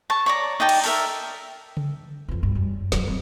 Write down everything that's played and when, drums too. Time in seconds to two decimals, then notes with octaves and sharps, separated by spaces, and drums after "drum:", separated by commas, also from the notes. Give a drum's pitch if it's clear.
0.10 A5 C#6
0.26 C#5 D5 A#5
0.60 D#4 D5 G5 A5
0.69 drum: cymbal
0.84 A4 A#4 E5, drum: open hi-hat
1.77 drum: tom C#3
2.28 F2 E3
2.43 G2
2.55 F#2 G3
2.92 F#3 D4, drum: snare
3.08 F#3 C4